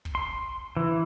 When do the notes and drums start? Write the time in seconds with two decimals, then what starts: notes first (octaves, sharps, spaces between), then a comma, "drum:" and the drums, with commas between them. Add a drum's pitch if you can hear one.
0.05 drum: kick
0.15 C6
0.77 E3